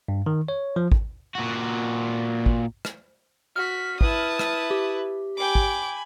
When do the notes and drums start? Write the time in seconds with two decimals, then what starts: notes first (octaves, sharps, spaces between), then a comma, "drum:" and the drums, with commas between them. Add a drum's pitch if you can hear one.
0.08 G2
0.26 D#3
0.48 C#5
0.76 F3
0.92 drum: kick
1.35 A#2 F#4
2.46 drum: kick
2.85 drum: rim click
3.56 F#4 F6 B6
4.01 E4 B4 A5 D#6, drum: kick
4.39 drum: rim click
4.71 G4
5.37 G5 G#5 B5 D6
5.55 drum: kick